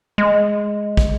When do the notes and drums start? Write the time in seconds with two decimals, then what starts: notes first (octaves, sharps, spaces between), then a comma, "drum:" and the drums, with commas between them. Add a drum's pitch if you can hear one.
0.18 G#3
0.97 drum: kick